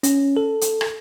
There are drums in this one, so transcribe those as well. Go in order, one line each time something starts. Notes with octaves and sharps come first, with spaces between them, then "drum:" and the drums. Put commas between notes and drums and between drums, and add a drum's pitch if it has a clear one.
C#4, drum: hi-hat
A4
drum: hi-hat
drum: rim click